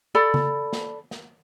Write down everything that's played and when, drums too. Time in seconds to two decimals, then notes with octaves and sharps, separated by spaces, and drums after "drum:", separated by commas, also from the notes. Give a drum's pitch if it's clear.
0.15 A4 D5 B5
0.34 drum: tom C#3
0.73 drum: snare
1.11 drum: snare